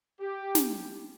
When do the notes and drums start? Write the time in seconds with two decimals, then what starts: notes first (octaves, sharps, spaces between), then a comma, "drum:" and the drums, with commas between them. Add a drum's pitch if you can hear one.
0.21 G4
0.55 drum: snare